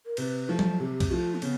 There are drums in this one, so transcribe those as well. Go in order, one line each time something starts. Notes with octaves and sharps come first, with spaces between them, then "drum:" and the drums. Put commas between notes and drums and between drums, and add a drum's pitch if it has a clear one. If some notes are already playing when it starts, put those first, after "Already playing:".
A#4
C3 B4, drum: cymbal
F3 A3
drum: tom F#3
C3 G4
drum: kick B1, cymbal
F3 A3 F4
A#3
C#3 B3, drum: cymbal